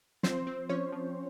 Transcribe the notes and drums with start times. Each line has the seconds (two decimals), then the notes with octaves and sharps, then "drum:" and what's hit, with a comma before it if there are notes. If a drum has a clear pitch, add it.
0.23 F3 C4 C5, drum: snare
0.47 C4
0.69 F3 C#4 C#5
0.92 F3